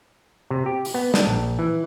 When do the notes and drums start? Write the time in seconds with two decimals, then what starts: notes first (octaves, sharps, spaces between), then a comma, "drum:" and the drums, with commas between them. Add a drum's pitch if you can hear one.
0.50 C3
0.66 G4
0.85 drum: open hi-hat
0.94 B3
1.14 D4, drum: snare
1.27 A#1
1.59 E3